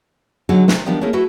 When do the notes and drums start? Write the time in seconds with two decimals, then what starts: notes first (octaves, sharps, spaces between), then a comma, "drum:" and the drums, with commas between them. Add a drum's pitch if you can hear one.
0.49 D3 F#3 D#4 G#4 A4
0.68 C3, drum: snare
0.86 D#3 F3 G3 B3 D4
1.01 A3 A#3 C#4 E4 G#4 A#4
1.13 A3 E4 F#4 A4 B4 E5